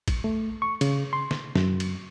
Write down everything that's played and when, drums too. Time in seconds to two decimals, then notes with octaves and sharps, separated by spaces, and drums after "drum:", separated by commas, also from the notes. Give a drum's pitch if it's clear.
0.08 drum: kick, cymbal
0.24 A3
0.62 C#6
0.81 C#3, drum: cymbal
1.13 C6
1.31 drum: snare
1.55 F#2, drum: snare
1.80 drum: cymbal